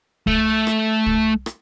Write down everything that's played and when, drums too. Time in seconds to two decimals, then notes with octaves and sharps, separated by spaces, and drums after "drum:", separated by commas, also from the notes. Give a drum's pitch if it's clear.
0.27 A3, drum: kick C2
0.67 drum: rim click
1.06 drum: kick C2
1.46 drum: rim click